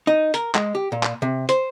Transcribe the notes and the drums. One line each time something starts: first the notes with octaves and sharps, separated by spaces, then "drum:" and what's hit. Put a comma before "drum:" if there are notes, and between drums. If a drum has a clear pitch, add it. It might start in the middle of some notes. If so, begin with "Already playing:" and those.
D#4
A#4, drum: hi-hat
G#3, drum: clap
G4
A#2
drum: clap
C3
C5, drum: hi-hat